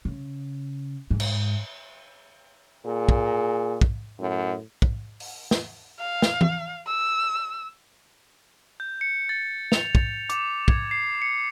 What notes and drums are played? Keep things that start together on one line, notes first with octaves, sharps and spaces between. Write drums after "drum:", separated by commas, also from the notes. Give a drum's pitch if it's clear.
C#3
G#2
drum: cymbal
A#2 G#4
drum: kick
drum: kick
F#2 A2
drum: kick
drum: open hi-hat
drum: snare
F5
drum: snare
drum: tom E3
E6
G6
C#7
A6
F7, drum: snare
drum: kick
D6, drum: hi-hat
G#6, drum: kick
C7
C#7